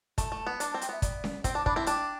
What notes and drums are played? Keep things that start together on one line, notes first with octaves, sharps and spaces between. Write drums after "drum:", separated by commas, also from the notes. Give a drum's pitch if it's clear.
A3, drum: kick, hi-hat
A3
B3
D4 A5, drum: hi-hat
C4 A5
G5, drum: hi-hat
B3 E5
D5, drum: kick, hi-hat
drum: snare C#4
C4 G5, drum: kick, hi-hat
D4 A5
D4 B5, drum: kick
C4 E4 A5
D4 G5, drum: hi-hat